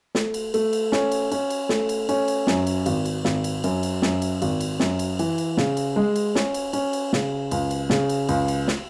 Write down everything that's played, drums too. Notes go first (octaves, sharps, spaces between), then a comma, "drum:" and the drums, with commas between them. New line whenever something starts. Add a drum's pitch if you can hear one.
A3, drum: snare
drum: cymbal
A3, drum: cymbal
drum: cymbal
C#4, drum: snare
drum: cymbal
C#4, drum: cymbal
drum: cymbal
A3, drum: snare
drum: cymbal
C#4, drum: cymbal
drum: cymbal
F#2, drum: snare
drum: cymbal
G#1, drum: cymbal
drum: cymbal
G#1, drum: snare
drum: cymbal
F#2, drum: cymbal
drum: cymbal
F#2, drum: snare
drum: cymbal
G#1, drum: cymbal
drum: cymbal
F#2, drum: snare
drum: cymbal
E3, drum: cymbal
drum: cymbal
C#3, drum: snare
drum: cymbal
G#3
drum: cymbal
C#4, drum: snare
drum: cymbal
C#4, drum: cymbal
drum: cymbal
C#3, drum: snare
C#2, drum: cymbal
drum: cymbal
C#3, drum: snare
drum: cymbal
C#2, drum: cymbal
drum: cymbal
drum: snare